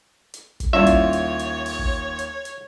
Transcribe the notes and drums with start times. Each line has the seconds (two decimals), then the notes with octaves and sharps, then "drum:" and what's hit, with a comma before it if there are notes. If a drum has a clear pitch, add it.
0.34 drum: hi-hat
0.60 drum: kick, hi-hat
0.73 D#2 G3 C#4 E4 F4 C#5 E5
0.86 drum: kick, hi-hat
1.13 drum: hi-hat
1.39 drum: hi-hat
1.66 drum: open hi-hat
1.79 drum: kick
2.19 drum: hi-hat
2.45 drum: hi-hat